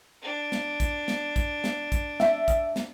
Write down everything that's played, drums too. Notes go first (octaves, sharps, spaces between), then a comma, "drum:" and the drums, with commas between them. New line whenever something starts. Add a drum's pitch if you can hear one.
D4
drum: snare
drum: kick, hi-hat
drum: snare
drum: kick, hi-hat
drum: snare
drum: kick, hi-hat
E5, drum: snare
drum: kick, hi-hat
drum: snare